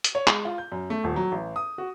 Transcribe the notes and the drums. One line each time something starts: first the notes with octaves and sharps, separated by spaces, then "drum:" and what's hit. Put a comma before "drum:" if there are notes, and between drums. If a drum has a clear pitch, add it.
drum: hi-hat
C#5
G#3, drum: clap
F4
G6
F#2
A3
D#1
F#3
A1
D#6
F#4